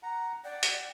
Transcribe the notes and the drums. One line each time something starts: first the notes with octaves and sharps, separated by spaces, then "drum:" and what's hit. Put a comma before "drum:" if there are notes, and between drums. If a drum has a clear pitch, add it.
F#5 A#5
D5 F#5 G5
drum: hi-hat